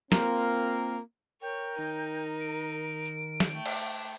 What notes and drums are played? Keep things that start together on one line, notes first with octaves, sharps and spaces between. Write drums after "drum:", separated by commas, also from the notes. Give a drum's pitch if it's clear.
A#3 C4 F4 A#4, drum: snare
A#4 C#5 G5
D#3 D#4
D7
drum: tambourine
drum: snare
A3 G5
drum: cymbal